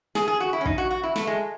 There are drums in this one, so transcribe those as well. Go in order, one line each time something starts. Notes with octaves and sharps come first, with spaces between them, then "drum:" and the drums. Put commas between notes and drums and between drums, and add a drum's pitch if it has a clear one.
G#4, drum: snare
G#4
F#4
E4
C#4
D#4, drum: kick
F#4
F#4
E4
A3, drum: snare
G#3